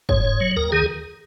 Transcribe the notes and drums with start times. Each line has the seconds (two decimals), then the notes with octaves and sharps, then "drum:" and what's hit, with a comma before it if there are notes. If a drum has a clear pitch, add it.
0.09 G#2 C#5, drum: kick
0.25 G#2
0.40 F#3
0.57 D#2 A#4
0.72 D#3 G#4